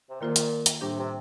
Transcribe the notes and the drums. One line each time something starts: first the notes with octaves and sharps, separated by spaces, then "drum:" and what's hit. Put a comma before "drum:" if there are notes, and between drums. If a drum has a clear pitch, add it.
C3
A#2 D#3 A#3 F4 C5
drum: hi-hat
drum: hi-hat
A2 C3 G3 D4 G4
C3